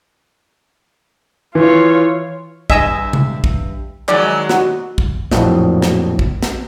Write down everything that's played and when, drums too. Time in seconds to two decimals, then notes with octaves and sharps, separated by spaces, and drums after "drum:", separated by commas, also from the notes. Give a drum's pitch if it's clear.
1.55 E3 F4 C#5
2.70 G2 D#5 E5 G#5, drum: kick A#1
3.13 drum: tom C3
3.44 drum: kick A#1
4.08 D#3 F#3 G#3 D5, drum: clap
4.49 F#4, drum: snare
4.98 drum: kick A#1
5.31 A#1 F2 A2 F#3 D#5 F5, drum: snare
5.82 drum: snare
6.19 drum: kick A#1
6.43 drum: snare